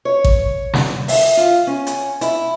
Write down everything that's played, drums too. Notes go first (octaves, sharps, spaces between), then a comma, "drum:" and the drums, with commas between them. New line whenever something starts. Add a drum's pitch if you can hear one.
C#5
drum: kick A1
drum: snare
E5, drum: open hi-hat
F4
C#4
drum: hi-hat
E4, drum: hi-hat